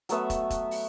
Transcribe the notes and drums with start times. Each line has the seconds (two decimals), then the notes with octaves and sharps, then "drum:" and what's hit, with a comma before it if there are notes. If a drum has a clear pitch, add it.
0.09 F#3 A3 B3 E5, drum: hi-hat
0.30 drum: kick, hi-hat
0.50 drum: kick, hi-hat
0.71 drum: open hi-hat